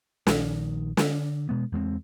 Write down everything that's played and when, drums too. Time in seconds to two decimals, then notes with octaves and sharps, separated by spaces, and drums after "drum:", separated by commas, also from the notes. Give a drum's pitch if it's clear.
0.27 A#1 D#3, drum: snare
0.97 D3, drum: snare
1.49 B2 G#3 B3
1.72 E2 G#3 A3 C4